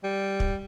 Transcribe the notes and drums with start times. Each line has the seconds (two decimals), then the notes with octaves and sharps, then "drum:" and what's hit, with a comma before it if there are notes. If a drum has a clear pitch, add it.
0.04 G3
0.40 drum: kick